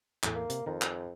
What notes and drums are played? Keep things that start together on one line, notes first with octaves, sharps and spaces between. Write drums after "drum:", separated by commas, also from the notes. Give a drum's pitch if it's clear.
E2 A2 A3, drum: clap
A#3
C3, drum: hi-hat
F2 D#3 A#4
drum: clap